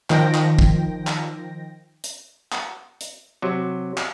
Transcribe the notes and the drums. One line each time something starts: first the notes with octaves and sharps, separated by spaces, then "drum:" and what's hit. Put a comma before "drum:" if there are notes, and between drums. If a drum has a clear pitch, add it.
D#3 F3 G5 A#6, drum: clap
drum: clap
drum: kick
drum: clap
drum: hi-hat
drum: clap
drum: hi-hat
C3 F#3
drum: clap